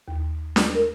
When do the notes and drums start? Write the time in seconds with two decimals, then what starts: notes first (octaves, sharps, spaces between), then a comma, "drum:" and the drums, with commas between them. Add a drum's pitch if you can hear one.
0.08 D#2
0.56 drum: snare D4
0.75 A#4